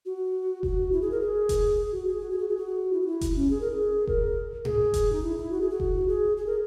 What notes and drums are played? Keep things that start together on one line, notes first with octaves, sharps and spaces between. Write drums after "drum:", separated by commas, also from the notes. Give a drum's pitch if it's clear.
F#4
F#4, drum: kick F1
E4
G#4
A#4
G#4
drum: kick F1, hi-hat
F#4
G#4
F#4
G#4
F#4
G#4
F#4
E4
F#4
E4
drum: kick F1, hi-hat
C#4
G#4
A#4
G#4
A#4, drum: kick F1
G#4, drum: tom G#2
drum: kick F1, hi-hat
D#4
E4
E4
F#4
G#4
F#4
drum: kick F1
G#4
G#4
A#4